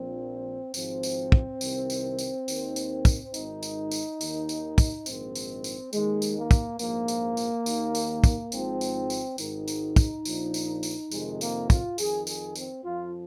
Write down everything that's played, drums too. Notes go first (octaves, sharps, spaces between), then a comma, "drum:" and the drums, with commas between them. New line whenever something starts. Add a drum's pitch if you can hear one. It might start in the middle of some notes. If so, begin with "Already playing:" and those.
Already playing: A#1 A#2 F3 C4
G#1 G#2 F3 C4, drum: tambourine
drum: tambourine
drum: kick
C2 C3 D#3, drum: tambourine
drum: tambourine
drum: tambourine
D#2 D#3, drum: tambourine
drum: tambourine
drum: kick, tambourine
G#1 G#2 D#3 D#4, drum: tambourine
drum: tambourine
drum: tambourine
D#2 D#3, drum: tambourine
drum: tambourine
drum: kick, tambourine
A#1 G#2 D#3 C4, drum: tambourine
drum: tambourine
drum: tambourine
D#2 D#3 G#3, drum: tambourine
drum: tambourine
A#3
drum: kick, tambourine
A#1 G#2 F3 A#3, drum: tambourine
drum: tambourine
drum: tambourine
D#2 D#3, drum: tambourine
drum: tambourine
drum: kick, tambourine
G#1 G#2 F3 C4, drum: tambourine
drum: tambourine
drum: tambourine
G#1 G#2 D#3 D#4, drum: tambourine
drum: tambourine
drum: kick, tambourine
A#1 A#2 F3, drum: tambourine
drum: tambourine
drum: tambourine
F2 C3 D#3 G#3, drum: tambourine
A#3, drum: tambourine
F4, drum: kick, tambourine
F2 D#3 G#4, drum: tambourine
G#4, drum: tambourine
C4, drum: tambourine
F2 F3 F4